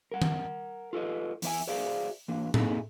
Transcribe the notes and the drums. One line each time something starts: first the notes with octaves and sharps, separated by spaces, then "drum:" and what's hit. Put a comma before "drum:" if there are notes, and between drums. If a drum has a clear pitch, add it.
A#4 F#5
drum: tom D#3
F4 A4 B4 D#5
E2 E3 C5 E5 G#5, drum: open hi-hat
F#4 G#4 C5 D5 E5 F5
E3 A#3 D4
A#3 C4 D#4 E4 G#4 A4, drum: tom A2